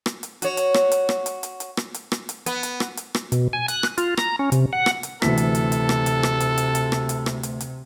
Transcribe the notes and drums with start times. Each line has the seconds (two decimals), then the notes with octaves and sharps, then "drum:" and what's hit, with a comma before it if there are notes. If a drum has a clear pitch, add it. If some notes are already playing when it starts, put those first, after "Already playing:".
0.06 drum: rim click
0.23 drum: hi-hat
0.42 F#4 C#5, drum: hi-hat
0.57 drum: hi-hat
0.74 drum: rim click
0.92 drum: hi-hat
1.09 drum: rim click
1.26 drum: hi-hat
1.43 drum: hi-hat
1.60 drum: hi-hat
1.77 drum: rim click
1.94 drum: hi-hat
2.12 drum: rim click
2.29 drum: hi-hat
2.46 B3, drum: hi-hat
2.63 drum: hi-hat
2.80 drum: rim click
2.97 drum: hi-hat
3.15 drum: rim click
3.32 B2, drum: hi-hat
3.53 G#5
3.68 F#6, drum: hi-hat
3.83 drum: rim click
3.98 F4, drum: hi-hat
4.17 A#5, drum: rim click
4.39 C#4
4.52 C3, drum: hi-hat
4.73 F#5
4.86 drum: rim click
5.03 drum: hi-hat
5.22 D2 C3 E3 A4 B6, drum: rim click
5.38 drum: hi-hat
5.55 drum: hi-hat
5.72 drum: hi-hat
5.89 drum: rim click
6.06 drum: hi-hat
6.23 drum: rim click
6.40 drum: hi-hat
6.58 drum: hi-hat
6.75 drum: hi-hat
6.92 drum: rim click
7.09 drum: hi-hat
7.26 drum: rim click
7.43 drum: hi-hat
7.61 drum: hi-hat